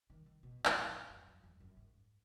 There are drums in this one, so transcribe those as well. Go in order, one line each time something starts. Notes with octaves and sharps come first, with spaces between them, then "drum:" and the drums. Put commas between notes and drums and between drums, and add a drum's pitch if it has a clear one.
D#3
D#3
B2
A#2, drum: clap
F#2
F#2
F#2
F2
F#2
G#2